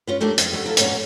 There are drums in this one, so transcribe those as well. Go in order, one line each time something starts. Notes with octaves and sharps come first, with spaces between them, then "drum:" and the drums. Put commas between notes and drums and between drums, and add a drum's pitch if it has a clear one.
C#4 F4 B4
G3 A3 A#3 D4 G4 D5
F2, drum: hi-hat
G3 A3 B4 F#5
F#3 E4 F4 A4
A#2 A#3 B3 C#4 A#4 F#5, drum: hi-hat